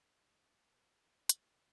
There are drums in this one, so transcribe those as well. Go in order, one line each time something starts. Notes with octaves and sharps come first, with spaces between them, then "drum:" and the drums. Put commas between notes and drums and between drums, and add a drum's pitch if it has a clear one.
C#4 F4 A4
A#3 F4
F3 G#3 C5 A#5 C#6
D#3 D#4, drum: hi-hat